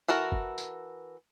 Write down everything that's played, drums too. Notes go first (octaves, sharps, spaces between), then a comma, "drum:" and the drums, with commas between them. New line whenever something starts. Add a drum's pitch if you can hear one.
E3 F#4 A4 A#4
drum: kick
drum: tambourine